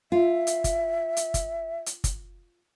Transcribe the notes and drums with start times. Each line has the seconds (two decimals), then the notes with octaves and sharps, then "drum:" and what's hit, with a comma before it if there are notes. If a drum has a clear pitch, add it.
0.12 F4 E5
0.47 drum: hi-hat
0.64 drum: kick, hi-hat
1.17 drum: hi-hat
1.34 drum: kick, hi-hat
1.86 drum: hi-hat
2.04 drum: kick, hi-hat